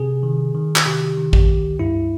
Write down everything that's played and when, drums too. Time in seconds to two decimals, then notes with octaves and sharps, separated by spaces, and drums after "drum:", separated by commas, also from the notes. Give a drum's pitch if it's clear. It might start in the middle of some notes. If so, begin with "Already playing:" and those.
Already playing: C3 G#4
0.23 D#3
0.54 D#3
0.76 F#4, drum: clap
0.86 C3 G4
1.17 D#3
1.33 G4, drum: kick
1.48 C#2
1.79 G2 E4